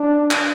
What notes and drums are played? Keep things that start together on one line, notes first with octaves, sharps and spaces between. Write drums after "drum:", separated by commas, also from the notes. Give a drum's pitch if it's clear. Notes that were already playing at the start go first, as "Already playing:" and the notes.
Already playing: D4
drum: clap